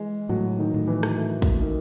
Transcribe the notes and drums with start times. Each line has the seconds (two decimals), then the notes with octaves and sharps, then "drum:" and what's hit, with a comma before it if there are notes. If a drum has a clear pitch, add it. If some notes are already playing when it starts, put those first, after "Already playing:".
Already playing: E3 G#3
0.29 A2 F#3
0.59 D#3
0.74 A2
0.88 E3
1.03 drum: rim click
1.18 A3
1.42 drum: kick
1.61 D#3